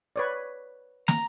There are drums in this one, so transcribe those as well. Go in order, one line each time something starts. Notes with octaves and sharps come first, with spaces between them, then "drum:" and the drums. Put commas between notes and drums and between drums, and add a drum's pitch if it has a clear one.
B4 C#5 D5
A#5, drum: snare